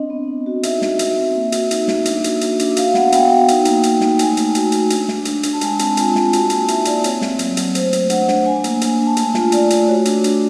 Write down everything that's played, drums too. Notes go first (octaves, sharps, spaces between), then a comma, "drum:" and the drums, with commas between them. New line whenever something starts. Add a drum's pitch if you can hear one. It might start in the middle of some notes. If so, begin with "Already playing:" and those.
Already playing: C4 D4 D#5
B3
D4
F#4
D#4 E5, drum: hi-hat
F#4, drum: snare
F#4, drum: hi-hat
C4
A#3
F#4, drum: hi-hat
D#4, drum: hi-hat
A#3, drum: snare
D4, drum: hi-hat
F#4, drum: hi-hat
F#4, drum: hi-hat
D4, drum: hi-hat
F#4 F5, drum: hi-hat
B3 F#5, drum: snare
B3 G5, drum: hi-hat
F#4 G5
D#4, drum: hi-hat
A#3, drum: hi-hat
A#3, drum: hi-hat
D#4, drum: snare
A3 G#5, drum: hi-hat
A3, drum: hi-hat
F#4, drum: hi-hat
F#4, drum: hi-hat
D4, drum: hi-hat
D4, drum: snare
D4, drum: hi-hat
D4, drum: hi-hat
A5
G#3 G#5, drum: hi-hat
C4 A5, drum: hi-hat
F4 G#5, drum: hi-hat
F4, drum: snare
F#4 A5, drum: hi-hat
A#3 G#5, drum: hi-hat
D#4 E5, drum: hi-hat
A#3 D5, drum: hi-hat
C4 C#5, drum: hi-hat
C4, drum: snare
F#3, drum: hi-hat
F#3, drum: hi-hat
A3 C5, drum: hi-hat
A3, drum: hi-hat
D4 F#5, drum: hi-hat
D4, drum: snare
D4 G#5
A#3, drum: hi-hat
A#3 G#5, drum: hi-hat
D4
A5
A3 G#5, drum: hi-hat
F4, drum: snare
A3 D5, drum: hi-hat
A3, drum: hi-hat
F#4 C#5
D4, drum: hi-hat
D4, drum: hi-hat